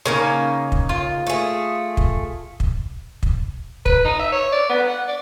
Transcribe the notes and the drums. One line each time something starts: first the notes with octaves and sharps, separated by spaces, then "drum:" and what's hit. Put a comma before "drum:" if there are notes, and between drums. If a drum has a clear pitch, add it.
C#3 A#3 C#4 D#4
drum: kick
F4
A3 G#4
drum: kick
drum: kick
drum: kick
B4, drum: kick
D#4
E5
C#5
D5
B3
F#5
D5